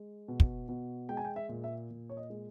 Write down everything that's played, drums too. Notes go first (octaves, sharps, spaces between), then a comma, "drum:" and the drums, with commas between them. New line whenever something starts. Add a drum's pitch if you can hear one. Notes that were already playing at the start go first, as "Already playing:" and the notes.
Already playing: G#3
B2
drum: kick
B2
G#3 G5
G#5
G5
E5
A#2
E5
A#2
C#5
D#5
G#3